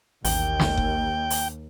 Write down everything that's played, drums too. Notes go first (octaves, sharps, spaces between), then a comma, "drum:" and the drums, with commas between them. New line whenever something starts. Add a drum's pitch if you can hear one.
A1 D#2 G5, drum: open hi-hat
drum: snare
drum: kick F#1
drum: open hi-hat